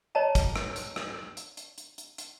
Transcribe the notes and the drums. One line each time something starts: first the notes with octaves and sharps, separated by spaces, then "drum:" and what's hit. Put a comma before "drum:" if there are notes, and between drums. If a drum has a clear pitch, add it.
C#5 D#5 A5 A#5
drum: kick, hi-hat
drum: rim click
drum: hi-hat
drum: rim click
drum: hi-hat
drum: hi-hat
drum: hi-hat
drum: hi-hat
drum: hi-hat